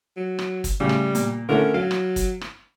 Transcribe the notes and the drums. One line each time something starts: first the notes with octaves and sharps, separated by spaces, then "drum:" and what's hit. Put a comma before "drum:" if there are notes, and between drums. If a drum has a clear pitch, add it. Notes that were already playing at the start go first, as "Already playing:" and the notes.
F#3
drum: rim click
drum: kick, hi-hat
A2 C#3 G3
drum: rim click
A#2, drum: hi-hat
D3 A3 C#4 A#4
F#3 F5
drum: rim click
drum: kick, hi-hat
drum: rim click